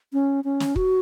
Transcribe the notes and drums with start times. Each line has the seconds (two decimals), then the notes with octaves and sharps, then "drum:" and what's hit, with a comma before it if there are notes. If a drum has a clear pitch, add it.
0.13 C#4
0.44 C#4
0.60 drum: snare
0.76 F#4, drum: kick